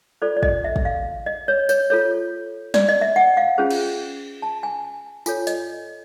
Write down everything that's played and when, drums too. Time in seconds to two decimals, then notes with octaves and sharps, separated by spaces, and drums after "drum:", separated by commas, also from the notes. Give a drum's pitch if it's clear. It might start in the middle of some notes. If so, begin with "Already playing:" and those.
0.22 F4 A4 C5 D5
0.37 D5
0.43 D#5, drum: kick
0.64 E5
0.76 drum: kick
0.85 F5
1.26 D#5
1.48 C#5
1.69 C#5, drum: tambourine
1.90 F4 A4 C#5
2.74 D5, drum: snare
2.89 D#5
3.01 E5
3.16 F#5
3.37 F5
3.58 C#4 F4 G#4 C5
3.71 drum: cymbal
4.42 A5
4.63 G#5
5.26 F4 A4 C#5 G#5, drum: tambourine
5.47 D#5, drum: hi-hat